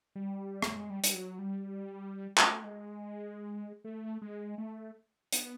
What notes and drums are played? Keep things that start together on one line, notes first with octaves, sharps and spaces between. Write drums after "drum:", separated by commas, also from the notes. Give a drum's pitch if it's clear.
G3
A3, drum: rim click
G#3
G3
G3, drum: hi-hat
F#3
G3
G#3, drum: clap
A3
G#3
A3
G#3
A3
B3, drum: hi-hat